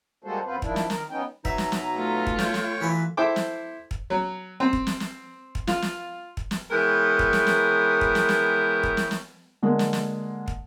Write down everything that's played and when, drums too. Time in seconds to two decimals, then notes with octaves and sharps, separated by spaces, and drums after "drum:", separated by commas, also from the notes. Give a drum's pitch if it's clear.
0.24 G3 G#3 A#3 F#4 A4 C5
0.45 F#2 B3 C4 F4 B4 C5
0.62 D#3 F3 D4 E4, drum: kick
0.76 drum: snare
0.90 D#3 A#4, drum: snare
1.11 B3 C#4 D#4 G5
1.45 B2 F#3 D#4 E5 A#5, drum: kick
1.58 drum: snare
1.72 drum: snare
1.97 A3 F4
2.27 drum: kick
2.39 C#5 G5 C#6, drum: snare
2.54 drum: snare
2.81 E3 F#3 B4
3.17 E4 A4 C5 G5 D6
3.36 drum: snare
3.91 drum: kick
4.10 F#3
4.60 C4
4.73 drum: kick
4.87 drum: snare
5.00 drum: snare
5.55 drum: kick
5.67 F4, drum: snare
5.82 drum: snare
6.37 drum: kick
6.51 drum: snare
6.70 E3 G#3 B3 A#4 C#5 G5
7.19 drum: kick
7.33 drum: snare
7.47 drum: snare
8.01 drum: kick
8.15 drum: snare
8.29 drum: snare
8.83 drum: kick
8.97 drum: snare
9.11 drum: snare
9.63 D3 G#3 A#3
9.79 drum: snare
9.93 drum: snare
10.48 drum: kick